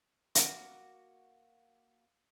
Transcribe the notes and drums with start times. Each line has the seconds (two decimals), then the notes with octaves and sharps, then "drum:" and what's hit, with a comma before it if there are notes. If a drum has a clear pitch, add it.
0.35 A#3 F#4, drum: hi-hat